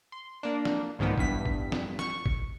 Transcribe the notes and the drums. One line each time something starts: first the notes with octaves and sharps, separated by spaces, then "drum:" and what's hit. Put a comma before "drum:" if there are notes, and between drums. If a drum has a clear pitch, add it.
C6
A#3 D4
drum: snare
C2 G#2 D#3 F3 A#3 B3
E2 G2 B6, drum: kick
drum: kick
drum: snare
C#6, drum: snare
drum: kick